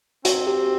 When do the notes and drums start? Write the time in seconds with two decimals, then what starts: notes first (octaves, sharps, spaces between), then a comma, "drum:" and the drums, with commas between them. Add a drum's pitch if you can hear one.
0.25 C4 F#4, drum: hi-hat
0.47 G4